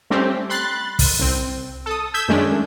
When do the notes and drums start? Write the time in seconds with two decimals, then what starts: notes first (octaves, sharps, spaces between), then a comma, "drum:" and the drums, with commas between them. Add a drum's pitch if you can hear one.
0.10 G3 A3 C4 C#4 G4
0.49 B5 C6 F#6 A6
0.99 drum: kick, open hi-hat
1.19 C2 C4
1.86 A4 D#6
2.14 E6 G6 G#6 B6
2.28 F#2 D#3 G#3 A3 C#4 D4